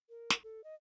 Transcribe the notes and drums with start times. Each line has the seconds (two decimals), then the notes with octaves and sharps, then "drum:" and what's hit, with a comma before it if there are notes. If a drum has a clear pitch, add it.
0.09 A#4
0.30 drum: snare
0.44 A4
0.64 D#5